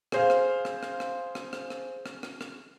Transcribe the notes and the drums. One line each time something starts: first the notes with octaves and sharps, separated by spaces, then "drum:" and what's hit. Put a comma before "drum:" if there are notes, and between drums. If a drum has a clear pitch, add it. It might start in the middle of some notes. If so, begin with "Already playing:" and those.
G#4 C5 F5, drum: rim click
drum: rim click
drum: rim click
drum: rim click
drum: rim click
drum: rim click
drum: rim click
drum: rim click
drum: rim click
drum: rim click
drum: rim click